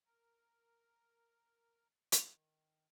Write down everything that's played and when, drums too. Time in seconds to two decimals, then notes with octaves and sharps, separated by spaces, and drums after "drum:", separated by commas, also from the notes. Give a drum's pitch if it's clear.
0.05 A#4
2.12 D#3, drum: hi-hat